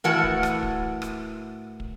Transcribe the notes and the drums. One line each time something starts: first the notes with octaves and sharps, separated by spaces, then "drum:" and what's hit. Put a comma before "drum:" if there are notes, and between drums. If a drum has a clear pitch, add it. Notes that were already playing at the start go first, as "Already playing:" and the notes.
A2 E3 F#4 A#4 F#5 A5
drum: kick
drum: rim click
drum: kick
drum: rim click
drum: kick